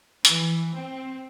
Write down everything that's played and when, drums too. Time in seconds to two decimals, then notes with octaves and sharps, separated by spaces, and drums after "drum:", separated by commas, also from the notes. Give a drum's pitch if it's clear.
0.25 E3, drum: hi-hat
0.75 C4